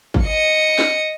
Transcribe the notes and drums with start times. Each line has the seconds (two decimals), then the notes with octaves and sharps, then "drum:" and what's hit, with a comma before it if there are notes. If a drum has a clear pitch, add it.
0.14 drum: kick
0.24 D#5 C#7
0.79 drum: snare